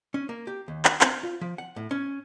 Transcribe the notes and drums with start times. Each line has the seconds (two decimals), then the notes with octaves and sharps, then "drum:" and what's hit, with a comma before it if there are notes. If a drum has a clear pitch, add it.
0.14 C#4
0.29 A#3
0.47 G4
0.68 D#2
0.85 F#5, drum: clap
1.01 C4, drum: clap
1.23 F4
1.41 F3
1.58 F#5
1.76 A2
1.91 C#4